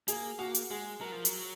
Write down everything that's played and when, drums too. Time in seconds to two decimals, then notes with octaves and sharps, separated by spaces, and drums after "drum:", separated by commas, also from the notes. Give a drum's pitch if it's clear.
0.08 A#3 G#4, drum: hi-hat
0.39 A#3 F#4
0.55 drum: hi-hat
0.70 G#3 G#4
1.01 F#3 A#4
1.12 F3
1.25 F#3, drum: hi-hat